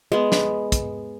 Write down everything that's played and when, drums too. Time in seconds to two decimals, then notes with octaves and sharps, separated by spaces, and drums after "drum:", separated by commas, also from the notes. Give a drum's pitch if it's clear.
0.12 G#3 B3
0.32 drum: snare
0.72 drum: kick, hi-hat